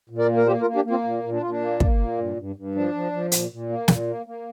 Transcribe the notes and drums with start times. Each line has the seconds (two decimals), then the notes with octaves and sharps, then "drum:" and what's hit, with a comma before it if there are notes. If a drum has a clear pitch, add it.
0.09 A#2
0.18 A#4 D5
0.28 A#3
0.37 A#4
0.46 A#3 G4 C5
0.61 F4 A#4
0.66 A#3
0.75 D4 G4
0.85 A#3
0.90 C4 F4
1.04 A#2
1.23 A#2
1.32 D4
1.41 A#2 F4
1.50 D4
1.61 A#3
1.80 A#3, drum: kick
1.99 A#2
2.18 G2
2.37 G2
2.56 G2
2.75 F3 D4
2.94 F3
3.12 F3
3.32 A#2, drum: hi-hat
3.51 A#2
3.69 A#3
3.88 A#2, drum: snare
4.07 A#3
4.26 A#3